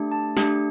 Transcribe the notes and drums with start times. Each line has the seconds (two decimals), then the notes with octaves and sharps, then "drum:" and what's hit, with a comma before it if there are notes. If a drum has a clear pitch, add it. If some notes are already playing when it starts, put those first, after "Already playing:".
Already playing: A3 D4 G4
0.12 A5
0.37 A3 D4 G4, drum: snare